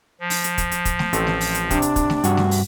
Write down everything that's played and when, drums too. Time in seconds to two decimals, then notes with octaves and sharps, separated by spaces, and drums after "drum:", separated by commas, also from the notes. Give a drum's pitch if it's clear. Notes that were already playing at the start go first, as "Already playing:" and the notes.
0.20 F3
0.30 drum: open hi-hat
0.44 drum: hi-hat
0.58 drum: kick, hi-hat
0.71 drum: hi-hat
0.85 drum: kick, hi-hat
0.99 drum: snare
1.13 A1 A3 C4, drum: hi-hat
1.27 drum: snare
1.41 drum: open hi-hat
1.54 drum: hi-hat
1.70 C3 D4, drum: kick, hi-hat
1.82 drum: hi-hat
1.96 drum: kick, hi-hat
2.10 drum: snare
2.24 G2 F#4, drum: hi-hat
2.37 drum: snare
2.51 drum: open hi-hat